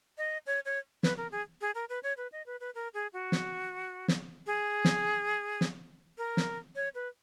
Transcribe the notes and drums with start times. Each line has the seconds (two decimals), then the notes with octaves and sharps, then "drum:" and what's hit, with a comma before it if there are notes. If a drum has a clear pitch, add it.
0.18 D#5
0.47 C#5
0.65 C#5
1.03 B4, drum: snare
1.17 A#4
1.32 G#4
1.61 G#4
1.75 A#4
1.89 B4
2.03 C#5
2.17 B4
2.32 D#5
2.46 B4
2.60 B4
2.75 A#4
2.94 G#4
3.13 F#4
3.32 drum: snare
4.08 drum: snare
4.47 G#4
4.85 drum: snare
5.61 drum: snare
6.18 A#4
6.37 drum: snare
6.75 C#5
6.95 B4